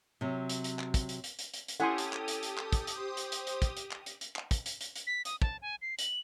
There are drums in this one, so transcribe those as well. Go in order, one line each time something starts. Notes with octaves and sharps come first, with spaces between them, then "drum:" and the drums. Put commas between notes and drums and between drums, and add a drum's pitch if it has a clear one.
C3 F#3
drum: hi-hat
drum: hi-hat
drum: clap
drum: kick, hi-hat
drum: hi-hat
drum: hi-hat
drum: hi-hat
drum: hi-hat
drum: hi-hat
C#4 E4 G4 A4 F#5 G#5 C6 D#6
drum: hi-hat
drum: clap
drum: hi-hat
drum: hi-hat
drum: clap
drum: kick, hi-hat
drum: hi-hat
C5
drum: hi-hat
drum: hi-hat
drum: hi-hat
drum: kick, hi-hat
drum: hi-hat
drum: clap
drum: hi-hat
drum: hi-hat
drum: clap
drum: kick, hi-hat
drum: hi-hat
drum: hi-hat
drum: hi-hat
B6
D#6, drum: hi-hat
A5, drum: kick
G#5
C7
F#7, drum: hi-hat